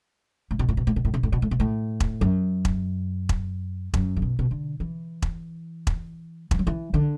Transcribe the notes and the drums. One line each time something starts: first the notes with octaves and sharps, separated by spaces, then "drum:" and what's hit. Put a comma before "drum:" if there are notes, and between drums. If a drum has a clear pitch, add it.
A2
B2
A2
B2
A2
B2
A2
B2
A2
B2
A2
B2
A2
drum: kick E1
F#2
drum: kick E1
drum: kick E1
F#2, drum: kick E1
D3
B2
B2
D3
E3
drum: kick E1
drum: kick E1
E3, drum: kick E1
F#3
E3
D3